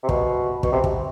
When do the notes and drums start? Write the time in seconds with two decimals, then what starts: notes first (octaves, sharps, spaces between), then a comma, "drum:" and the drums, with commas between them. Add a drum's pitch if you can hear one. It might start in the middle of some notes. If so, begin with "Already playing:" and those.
0.04 C3
0.09 B2, drum: kick
0.63 B2, drum: kick
0.72 C3
0.84 drum: kick